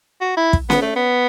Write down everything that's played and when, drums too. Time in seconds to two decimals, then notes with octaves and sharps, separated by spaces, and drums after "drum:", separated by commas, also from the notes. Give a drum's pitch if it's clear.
0.21 F#4
0.37 E4
0.53 drum: kick
0.70 B3, drum: snare C#4
0.82 A3
0.96 B3